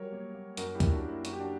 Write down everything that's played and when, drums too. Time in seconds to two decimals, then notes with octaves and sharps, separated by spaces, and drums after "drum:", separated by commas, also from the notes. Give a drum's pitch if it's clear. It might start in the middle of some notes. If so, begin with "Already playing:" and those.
Already playing: F#3 G3 A#4 C#5
0.12 A#3
0.35 A#3
0.57 F#2 F#4 A#4, drum: hi-hat
0.75 E4 G4
0.80 F#2, drum: kick C#2, hi-hat
0.91 D4 F#4
1.03 A#3
1.08 E4
1.25 F#2 F#4, drum: hi-hat
1.33 G4
1.40 D4 F#4